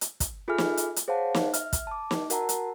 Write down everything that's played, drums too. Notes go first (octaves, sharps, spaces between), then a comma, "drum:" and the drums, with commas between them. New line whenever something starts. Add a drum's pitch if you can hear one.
drum: hi-hat
drum: kick, hi-hat
F4 G#4 A4 E5 G#5 F6
drum: snare
drum: hi-hat
drum: hi-hat
G#4 C5 C#5 F5 F#5 A5
drum: snare
E5 F6, drum: hi-hat
drum: kick, hi-hat
A5 D6
drum: snare
F#4 A#4 F#5 A5 A#5, drum: hi-hat
drum: hi-hat